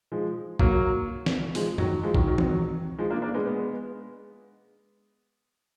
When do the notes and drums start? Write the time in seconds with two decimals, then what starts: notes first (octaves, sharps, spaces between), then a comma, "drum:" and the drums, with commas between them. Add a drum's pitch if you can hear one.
0.12 F3 G#3
0.59 F#3 A#3, drum: kick A#1
1.26 drum: snare
1.55 F3 G#3, drum: open hi-hat
1.78 D#3 F#3, drum: tom F#2
2.03 F3 G#3
2.15 D#3 F#3, drum: kick A#1
2.27 D#3 F#3
2.38 D#3 F#3, drum: tom E3
2.98 F3 G#3
3.10 A#3 D4
3.22 A#3 D4
3.34 G#3 B3
3.46 G#3 B3